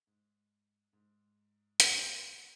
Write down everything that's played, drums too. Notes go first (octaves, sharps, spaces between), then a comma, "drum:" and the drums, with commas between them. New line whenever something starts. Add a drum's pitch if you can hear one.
G#2
G#2
A#2, drum: hi-hat